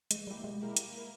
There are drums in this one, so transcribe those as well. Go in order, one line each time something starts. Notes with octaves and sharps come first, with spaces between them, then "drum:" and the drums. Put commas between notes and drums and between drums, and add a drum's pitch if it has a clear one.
E3 G#3, drum: hi-hat
G3 A#3 E4 G4
B2 G#3
A#3 E4 G4 A#4
A#3, drum: hi-hat
E4 A#4